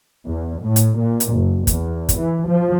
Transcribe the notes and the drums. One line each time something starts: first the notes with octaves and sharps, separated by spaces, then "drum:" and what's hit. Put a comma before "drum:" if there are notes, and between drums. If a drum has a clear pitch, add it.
E2
A2
drum: hi-hat
A#2
drum: hi-hat
F#1
E2, drum: kick, hi-hat
drum: kick, hi-hat
E3
F3